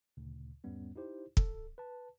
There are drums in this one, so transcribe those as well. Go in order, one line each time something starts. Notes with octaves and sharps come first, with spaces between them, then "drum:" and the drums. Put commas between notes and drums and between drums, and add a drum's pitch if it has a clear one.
D2 A#2 C#3
E2 G#2 G3 B3 C#4
D#4 E4 G4 C5
A4, drum: kick
B4 A5